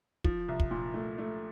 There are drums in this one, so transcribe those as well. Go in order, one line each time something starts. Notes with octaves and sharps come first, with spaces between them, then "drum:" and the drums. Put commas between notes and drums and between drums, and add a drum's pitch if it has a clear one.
F3, drum: kick
C2
drum: kick
A#2
A3
A3